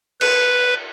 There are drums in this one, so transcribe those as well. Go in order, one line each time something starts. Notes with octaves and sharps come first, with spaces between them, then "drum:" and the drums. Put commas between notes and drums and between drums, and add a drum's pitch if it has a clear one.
B4, drum: cymbal